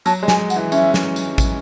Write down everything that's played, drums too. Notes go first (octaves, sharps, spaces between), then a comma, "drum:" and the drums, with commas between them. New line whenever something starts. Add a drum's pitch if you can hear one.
F#3 A5, drum: tambourine
G#3
G#5, drum: snare
F#5, drum: tambourine
E3
C#4 E5, drum: tambourine
drum: snare
drum: tambourine
drum: kick A1, tambourine